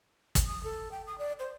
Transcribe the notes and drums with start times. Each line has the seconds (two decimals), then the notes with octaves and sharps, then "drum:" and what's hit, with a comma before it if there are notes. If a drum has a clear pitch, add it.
0.35 drum: kick, hi-hat
0.46 D#6
0.64 A4
0.92 G5
1.07 D#6
1.19 D5
1.39 C5